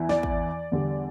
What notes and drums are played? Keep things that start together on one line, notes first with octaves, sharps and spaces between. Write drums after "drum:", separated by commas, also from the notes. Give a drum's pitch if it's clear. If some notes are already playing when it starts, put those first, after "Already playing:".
Already playing: E2 E3
D5, drum: snare
drum: kick
E2 D3 G3